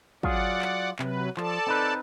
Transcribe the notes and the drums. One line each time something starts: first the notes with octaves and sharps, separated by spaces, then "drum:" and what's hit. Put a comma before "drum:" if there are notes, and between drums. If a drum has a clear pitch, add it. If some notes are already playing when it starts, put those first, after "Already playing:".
F#3 F4 G#4 D5 F#5, drum: kick
drum: clap
C3 F#3 B4, drum: clap
F3 A4 D5 A5, drum: clap
C4 D#4 B4